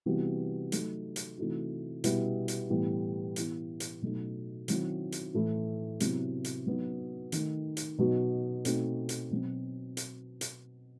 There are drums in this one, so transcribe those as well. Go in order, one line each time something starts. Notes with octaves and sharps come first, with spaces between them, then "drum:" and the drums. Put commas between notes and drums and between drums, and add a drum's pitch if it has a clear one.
C3 E3 G3 B3 F#4
F#3 A3 D#4, drum: hi-hat
drum: hi-hat
C3 E3 A3 D#4 F#4
B2 G3 B3 E4, drum: hi-hat
drum: hi-hat
A2 E3 G3 B3
E3 B3 E4, drum: hi-hat
drum: hi-hat
B2 F#3 A3 D#4
D#3 F#3 C4 E4, drum: hi-hat
drum: hi-hat
A2 E3 A3 E4
C3 F#3 B3 E4, drum: hi-hat
drum: hi-hat
F#3 B3 D#4 F#4
D#3 A3 D#4, drum: hi-hat
drum: hi-hat
B2 F#3 B3 D#4 F#4
B2 A3 C4 D#4 F#4, drum: hi-hat
drum: hi-hat
B2 F#3 C4
drum: hi-hat
drum: hi-hat